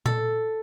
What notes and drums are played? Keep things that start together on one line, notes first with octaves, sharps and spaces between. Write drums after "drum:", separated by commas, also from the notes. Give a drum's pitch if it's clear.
A4, drum: tom A#2